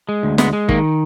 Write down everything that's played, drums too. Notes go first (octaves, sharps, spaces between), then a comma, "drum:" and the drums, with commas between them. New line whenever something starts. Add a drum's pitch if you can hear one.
G#3
D2
G#3 B3, drum: snare
G#3
D#3 A#3, drum: kick